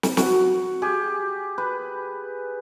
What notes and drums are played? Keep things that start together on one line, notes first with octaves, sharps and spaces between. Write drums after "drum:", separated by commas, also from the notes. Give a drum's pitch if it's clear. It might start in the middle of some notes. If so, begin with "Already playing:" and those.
drum: snare
F#4, drum: snare
G4 G#4
B4